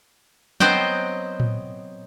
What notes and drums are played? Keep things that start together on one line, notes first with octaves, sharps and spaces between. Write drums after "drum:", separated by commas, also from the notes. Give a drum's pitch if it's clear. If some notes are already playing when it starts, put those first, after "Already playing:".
F#3 B3 C4 C5 D#5 G5, drum: snare
drum: tom A2